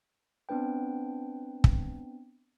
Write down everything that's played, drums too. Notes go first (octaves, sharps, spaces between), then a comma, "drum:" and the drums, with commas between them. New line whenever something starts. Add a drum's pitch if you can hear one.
B3 C4 D4 B4 G5
drum: kick